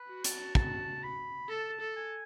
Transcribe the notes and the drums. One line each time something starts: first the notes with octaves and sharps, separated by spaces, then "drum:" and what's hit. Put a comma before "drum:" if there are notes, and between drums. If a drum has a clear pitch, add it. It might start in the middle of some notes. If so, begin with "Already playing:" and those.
Already playing: B4
F#4
A5, drum: hi-hat
A5, drum: kick
B5
A4 A5
A4
G#5